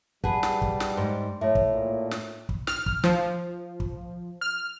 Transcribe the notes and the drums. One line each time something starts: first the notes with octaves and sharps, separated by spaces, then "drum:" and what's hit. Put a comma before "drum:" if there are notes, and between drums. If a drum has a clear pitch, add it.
G3 G#4 B4 F#5 A5, drum: kick
drum: snare
drum: kick
drum: snare
G#2
A2 C#5 E5
drum: kick
A#2
drum: snare
drum: kick
F6, drum: snare
drum: kick
F3, drum: snare
drum: kick
F6